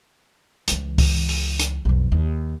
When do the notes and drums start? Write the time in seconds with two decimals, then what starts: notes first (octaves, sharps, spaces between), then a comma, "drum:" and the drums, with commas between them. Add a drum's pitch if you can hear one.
0.68 C#2 E3, drum: hi-hat
0.98 drum: kick C#2, open hi-hat
1.29 drum: open hi-hat
1.59 drum: hi-hat
1.85 B1 F2
2.12 D#2